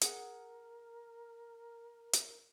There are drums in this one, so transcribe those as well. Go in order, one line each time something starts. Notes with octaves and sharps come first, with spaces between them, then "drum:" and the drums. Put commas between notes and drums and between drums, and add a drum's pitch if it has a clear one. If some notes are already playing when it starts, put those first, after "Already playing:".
G#4 A#4 F#5, drum: hi-hat
drum: hi-hat